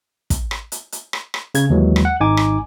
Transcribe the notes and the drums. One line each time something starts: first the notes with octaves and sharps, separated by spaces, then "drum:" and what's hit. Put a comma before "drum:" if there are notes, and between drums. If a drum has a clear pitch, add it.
drum: kick, hi-hat
drum: rim click
drum: hi-hat
drum: hi-hat
drum: rim click
drum: rim click
C#3 G#6, drum: hi-hat
D#2 E3 F#3 G#3
drum: rim click
F#5
G#1 D#4 G#5 D6
drum: rim click